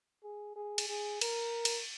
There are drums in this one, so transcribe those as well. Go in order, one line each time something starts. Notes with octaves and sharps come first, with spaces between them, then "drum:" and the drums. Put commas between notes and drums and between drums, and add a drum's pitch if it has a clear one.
G#4
G#4
drum: cymbal
G#4
A#4, drum: cymbal
drum: cymbal